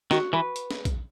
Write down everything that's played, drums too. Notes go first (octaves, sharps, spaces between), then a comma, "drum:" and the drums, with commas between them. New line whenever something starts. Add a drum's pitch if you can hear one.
D#3 F#4, drum: snare
E3 B4
drum: hi-hat
drum: snare
drum: kick A#1, hi-hat